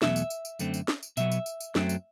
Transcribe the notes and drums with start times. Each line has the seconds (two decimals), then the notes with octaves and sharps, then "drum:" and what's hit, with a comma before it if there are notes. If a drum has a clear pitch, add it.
0.02 E2 B2 F#3 A3 E5, drum: snare
0.16 drum: tambourine
0.30 drum: tambourine
0.45 drum: tambourine
0.59 F#2 D3 A3 C4, drum: tambourine
0.74 drum: tambourine
0.88 drum: snare
1.03 drum: tambourine
1.17 B2 F#3 B3 E5, drum: tambourine
1.32 drum: tambourine
1.46 drum: tambourine
1.60 drum: tambourine
1.75 F#2 F#3 A3 C4, drum: snare
1.89 drum: tambourine